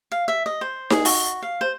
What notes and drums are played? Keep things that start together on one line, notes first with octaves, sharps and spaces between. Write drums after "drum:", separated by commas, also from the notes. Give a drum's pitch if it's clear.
F5
E5
D#5
C5
G#4, drum: snare D#4
F#4, drum: open hi-hat
F5
C5